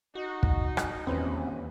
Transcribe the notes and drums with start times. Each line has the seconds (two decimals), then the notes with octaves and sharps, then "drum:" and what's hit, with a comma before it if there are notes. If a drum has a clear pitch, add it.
0.15 D#4 F#4
0.43 drum: kick
0.77 drum: rim click
1.07 D#1 E2 C4 C#4 B4